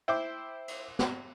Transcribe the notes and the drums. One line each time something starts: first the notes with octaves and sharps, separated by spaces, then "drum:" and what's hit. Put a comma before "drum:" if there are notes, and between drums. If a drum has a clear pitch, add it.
E4 C5 G5 D6
drum: cymbal
drum: snare